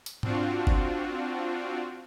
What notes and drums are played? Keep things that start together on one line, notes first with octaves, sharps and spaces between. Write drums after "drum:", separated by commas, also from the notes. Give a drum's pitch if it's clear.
drum: hi-hat
C4 D4 F4 F#4, drum: tom G#2
drum: kick G1